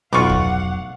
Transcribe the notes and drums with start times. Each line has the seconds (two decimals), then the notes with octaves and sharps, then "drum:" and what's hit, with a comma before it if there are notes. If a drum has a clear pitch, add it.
0.13 F1 B1 F#3 F4 F5 F#5 C#6 D6
0.29 drum: kick